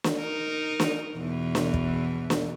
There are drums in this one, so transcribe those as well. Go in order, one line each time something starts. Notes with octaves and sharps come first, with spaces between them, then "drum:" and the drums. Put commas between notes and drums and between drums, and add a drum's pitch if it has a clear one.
drum: snare
D#4 A#4
drum: snare
E2 B2 E3
drum: snare
drum: kick
drum: snare